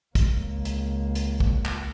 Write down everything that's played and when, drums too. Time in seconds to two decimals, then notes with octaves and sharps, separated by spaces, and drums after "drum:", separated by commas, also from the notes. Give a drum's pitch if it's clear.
0.15 C#2 A#3, drum: kick, hi-hat
0.65 drum: hi-hat
1.15 drum: hi-hat
1.40 drum: kick
1.65 drum: clap